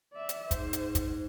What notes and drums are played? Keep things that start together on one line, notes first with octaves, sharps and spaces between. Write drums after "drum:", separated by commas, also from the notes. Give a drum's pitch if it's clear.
D5 E5
drum: hi-hat
G#2 C5, drum: kick, hi-hat
drum: hi-hat
drum: kick, hi-hat